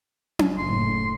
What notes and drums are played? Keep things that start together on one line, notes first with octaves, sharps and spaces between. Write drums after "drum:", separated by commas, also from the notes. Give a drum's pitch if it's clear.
drum: tom C#4
F#1 A2 C6